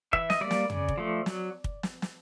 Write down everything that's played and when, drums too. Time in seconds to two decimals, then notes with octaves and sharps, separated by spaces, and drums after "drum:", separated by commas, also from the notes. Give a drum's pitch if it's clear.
0.13 E3 E5, drum: kick
0.30 D#5, drum: snare
0.41 G3 A#3 D5
0.51 drum: snare
0.70 C#3, drum: tom F2
0.88 drum: kick
0.98 F3 A3
1.26 F#3, drum: snare
1.64 drum: kick
1.83 drum: snare
2.02 drum: snare